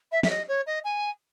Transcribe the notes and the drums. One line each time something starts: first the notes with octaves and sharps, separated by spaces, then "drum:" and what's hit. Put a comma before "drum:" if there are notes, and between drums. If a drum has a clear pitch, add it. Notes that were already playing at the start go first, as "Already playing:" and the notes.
E5
E5, drum: snare
D#5
C#5
D#5
G#5